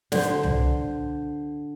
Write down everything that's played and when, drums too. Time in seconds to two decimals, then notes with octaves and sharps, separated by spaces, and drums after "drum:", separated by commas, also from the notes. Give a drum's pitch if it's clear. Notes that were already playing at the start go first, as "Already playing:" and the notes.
0.12 D3 C5, drum: snare
0.43 drum: tom C2